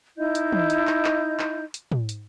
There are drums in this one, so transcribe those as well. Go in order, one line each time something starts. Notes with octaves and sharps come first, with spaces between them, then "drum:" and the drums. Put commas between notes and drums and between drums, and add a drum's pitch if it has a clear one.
D#4 E4 D#5 G6
drum: hi-hat
drum: tom
drum: hi-hat
drum: clap
drum: clap
drum: clap
drum: hi-hat
drum: tom
drum: hi-hat